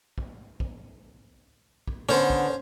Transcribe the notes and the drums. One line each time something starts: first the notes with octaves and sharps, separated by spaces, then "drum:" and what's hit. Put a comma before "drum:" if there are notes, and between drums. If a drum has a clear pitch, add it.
drum: kick
drum: kick
drum: kick
D3 B3 C#4 C5
drum: kick